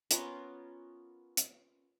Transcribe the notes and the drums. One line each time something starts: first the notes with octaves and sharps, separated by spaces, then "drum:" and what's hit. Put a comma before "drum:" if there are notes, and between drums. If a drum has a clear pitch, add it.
B3 C#4 F4 A#4, drum: hi-hat
drum: hi-hat